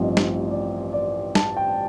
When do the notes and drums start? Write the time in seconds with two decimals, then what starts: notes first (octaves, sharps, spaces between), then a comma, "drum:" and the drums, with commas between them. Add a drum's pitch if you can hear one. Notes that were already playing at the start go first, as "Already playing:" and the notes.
Already playing: A1 G2 F3 C4 D#4
0.17 drum: snare
0.51 D5
0.93 D5
1.35 A5, drum: snare
1.57 G5